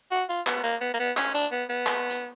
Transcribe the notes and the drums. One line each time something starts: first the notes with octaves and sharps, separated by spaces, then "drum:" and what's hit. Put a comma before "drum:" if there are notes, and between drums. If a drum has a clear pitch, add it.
F#4
F4
B3, drum: clap
A#3
B3
A#3
B3
C#4, drum: clap
D4
B3
B3
drum: clap
drum: hi-hat